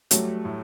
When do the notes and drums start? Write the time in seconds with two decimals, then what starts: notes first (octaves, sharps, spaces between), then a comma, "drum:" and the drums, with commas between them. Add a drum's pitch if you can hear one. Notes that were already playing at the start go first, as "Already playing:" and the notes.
0.11 F#3 G3 A3, drum: hi-hat
0.45 A2